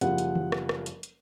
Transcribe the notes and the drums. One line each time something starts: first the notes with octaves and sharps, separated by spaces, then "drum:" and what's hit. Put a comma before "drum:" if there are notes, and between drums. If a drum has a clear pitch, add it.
F#1 F3 G3 F#5, drum: hi-hat
drum: hi-hat
drum: tom D#3
drum: rim click
drum: rim click
drum: hi-hat
drum: hi-hat